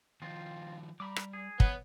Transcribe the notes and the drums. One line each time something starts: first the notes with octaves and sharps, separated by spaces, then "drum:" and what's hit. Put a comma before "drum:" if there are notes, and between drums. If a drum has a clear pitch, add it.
D#3 F3 C4 F4
G3 A#5 B5 D6
drum: rim click
G#4
B3 C#5, drum: kick